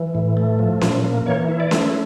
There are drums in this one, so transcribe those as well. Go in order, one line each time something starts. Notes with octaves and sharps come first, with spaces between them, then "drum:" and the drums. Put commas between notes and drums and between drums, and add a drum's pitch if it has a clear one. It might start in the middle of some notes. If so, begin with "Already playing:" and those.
Already playing: E3
A2
A3
F3
A#2, drum: snare C#4
A#3
E3 C#5
E4
D5
A3, drum: snare C#4